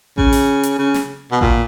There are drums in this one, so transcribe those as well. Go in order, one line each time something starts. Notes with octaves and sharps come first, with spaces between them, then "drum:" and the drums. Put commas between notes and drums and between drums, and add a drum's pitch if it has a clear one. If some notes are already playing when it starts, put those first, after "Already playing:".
C#3, drum: kick A1
drum: open hi-hat
drum: hi-hat
C#3
drum: snare
B2
A#2, drum: kick A1